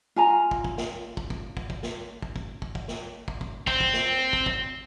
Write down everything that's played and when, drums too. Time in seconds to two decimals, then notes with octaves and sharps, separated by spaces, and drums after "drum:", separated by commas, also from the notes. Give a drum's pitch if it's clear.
0.16 F4 G#5 A#5
0.51 drum: kick
0.65 drum: kick
0.78 drum: snare
1.17 drum: kick
1.30 drum: kick
1.57 drum: kick
1.70 drum: kick
1.83 drum: snare
2.22 drum: kick
2.36 drum: kick
2.62 drum: kick
2.75 drum: kick
2.88 drum: snare
3.28 drum: kick
3.41 drum: kick
3.67 C4, drum: kick
3.80 drum: kick
3.94 drum: snare
4.33 drum: kick
4.46 drum: kick